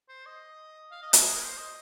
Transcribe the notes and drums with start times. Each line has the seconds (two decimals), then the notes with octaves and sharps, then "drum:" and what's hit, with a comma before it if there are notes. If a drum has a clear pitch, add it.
0.09 C5
0.26 D#5
0.91 F5
1.02 D#5
1.13 F#4, drum: hi-hat
1.24 G#4
1.35 A#4
1.46 C5
1.57 D#5